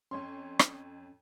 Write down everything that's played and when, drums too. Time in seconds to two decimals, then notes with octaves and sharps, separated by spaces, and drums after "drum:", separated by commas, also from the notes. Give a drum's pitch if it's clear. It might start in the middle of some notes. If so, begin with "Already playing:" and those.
0.11 F2 C#4 C#5 C6
0.59 drum: rim click